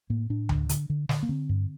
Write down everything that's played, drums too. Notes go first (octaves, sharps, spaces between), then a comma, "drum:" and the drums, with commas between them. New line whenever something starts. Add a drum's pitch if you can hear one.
A2 A#3
A2 D4
D3, drum: tom D2
D3, drum: hi-hat
D3
D3, drum: snare
A#3
D3 C4
G2